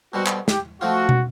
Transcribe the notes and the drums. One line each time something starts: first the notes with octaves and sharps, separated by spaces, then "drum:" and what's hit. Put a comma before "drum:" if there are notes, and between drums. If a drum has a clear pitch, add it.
B2 G3 C4 F#4
drum: clap
G4, drum: snare
F3 A3 C4 F4 F#4
drum: tom